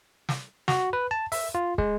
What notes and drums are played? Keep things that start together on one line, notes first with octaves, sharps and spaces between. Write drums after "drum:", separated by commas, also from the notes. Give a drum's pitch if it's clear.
drum: snare
F#4, drum: snare
B4
A5
E5, drum: open hi-hat
F4
G#3, drum: kick